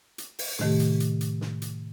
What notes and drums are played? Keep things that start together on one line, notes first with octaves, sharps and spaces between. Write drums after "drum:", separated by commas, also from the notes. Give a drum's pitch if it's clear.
drum: hi-hat
drum: open hi-hat
A2 C3 D#3 A3 G4, drum: snare
drum: hi-hat
drum: hi-hat
drum: hi-hat
drum: snare
drum: hi-hat